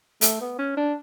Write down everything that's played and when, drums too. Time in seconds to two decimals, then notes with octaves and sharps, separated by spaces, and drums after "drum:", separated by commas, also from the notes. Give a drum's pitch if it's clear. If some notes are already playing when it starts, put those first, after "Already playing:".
0.21 A3, drum: hi-hat
0.41 B3
0.58 C#4
0.77 D4